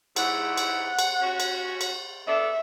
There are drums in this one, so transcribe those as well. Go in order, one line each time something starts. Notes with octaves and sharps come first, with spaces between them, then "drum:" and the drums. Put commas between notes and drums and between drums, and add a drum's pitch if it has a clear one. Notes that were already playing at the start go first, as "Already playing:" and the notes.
G#2 E4 F#5, drum: cymbal
drum: cymbal
drum: cymbal
C#4 F#4
drum: cymbal
drum: cymbal
B3 D4 A4 E5